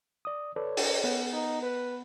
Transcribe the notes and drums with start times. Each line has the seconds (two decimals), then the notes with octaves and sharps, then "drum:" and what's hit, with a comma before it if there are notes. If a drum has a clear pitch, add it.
0.25 D5 D#6
0.56 A4 B4 C#5 D5
0.77 drum: open hi-hat
1.04 B3 F#5
1.33 D#4
1.63 B4